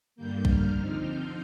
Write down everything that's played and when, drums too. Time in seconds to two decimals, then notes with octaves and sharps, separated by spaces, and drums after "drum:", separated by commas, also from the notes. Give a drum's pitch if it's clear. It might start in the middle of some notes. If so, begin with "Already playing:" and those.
0.16 G2 D3 G3 A#3 G6
0.45 F6, drum: kick A#1
0.72 D3 F3 C4 D#4
1.01 G6